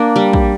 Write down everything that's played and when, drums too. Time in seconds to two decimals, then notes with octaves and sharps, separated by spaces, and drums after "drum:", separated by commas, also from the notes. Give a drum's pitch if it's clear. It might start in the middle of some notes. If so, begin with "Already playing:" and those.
Already playing: A#3 D4
0.16 G3
0.33 drum: kick